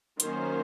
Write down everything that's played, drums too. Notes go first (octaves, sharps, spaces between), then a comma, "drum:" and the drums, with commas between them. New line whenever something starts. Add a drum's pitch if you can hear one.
D#3 F#3 A#3 C#4 C5, drum: hi-hat